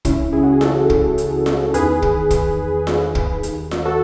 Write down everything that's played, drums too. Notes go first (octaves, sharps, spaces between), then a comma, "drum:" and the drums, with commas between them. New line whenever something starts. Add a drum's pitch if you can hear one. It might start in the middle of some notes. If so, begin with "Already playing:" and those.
C#2 C#3 E3 C#4 E4, drum: kick, hi-hat
E4 G#4
F#4
G#4
F#4 A4, drum: snare F4
drum: kick
drum: hi-hat
drum: snare F4
E2 D#3 G#4 B4, drum: hi-hat
drum: kick
drum: kick, hi-hat
drum: snare F4
drum: kick
D#2 D#3, drum: hi-hat
drum: snare F4
F#4 A4